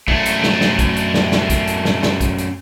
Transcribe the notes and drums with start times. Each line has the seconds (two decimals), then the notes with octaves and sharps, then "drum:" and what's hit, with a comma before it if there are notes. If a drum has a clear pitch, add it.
0.08 F#2 A3, drum: kick
0.26 drum: hi-hat
0.43 drum: snare
0.61 drum: snare
0.79 drum: kick, hi-hat
0.97 drum: hi-hat
1.14 drum: snare
1.32 drum: snare
1.50 drum: kick, hi-hat
1.67 drum: hi-hat
1.85 drum: snare
2.03 drum: snare
2.21 drum: kick, hi-hat
2.38 drum: hi-hat